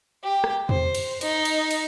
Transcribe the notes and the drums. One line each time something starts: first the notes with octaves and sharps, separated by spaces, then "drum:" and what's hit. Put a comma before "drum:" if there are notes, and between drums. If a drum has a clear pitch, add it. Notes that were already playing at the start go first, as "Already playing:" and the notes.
G4
drum: rim click
C5, drum: tom E2
drum: cymbal
D#4, drum: cymbal
drum: cymbal
drum: cymbal